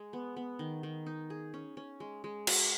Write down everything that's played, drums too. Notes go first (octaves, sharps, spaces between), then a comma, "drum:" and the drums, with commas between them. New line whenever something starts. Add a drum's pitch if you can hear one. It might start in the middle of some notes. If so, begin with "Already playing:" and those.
Already playing: G#3
B3
B3
D#3
D#3
D#4
G#4
C#4
C#4
G#3
G#3
F#4, drum: cymbal